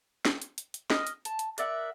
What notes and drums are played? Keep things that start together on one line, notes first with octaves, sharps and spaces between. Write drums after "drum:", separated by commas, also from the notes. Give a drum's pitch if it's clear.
drum: snare
drum: hi-hat
drum: hi-hat
drum: hi-hat
D#5 D#6 F6, drum: snare
drum: hi-hat
A5, drum: hi-hat
drum: hi-hat
A#4 D5 E5 F#5, drum: hi-hat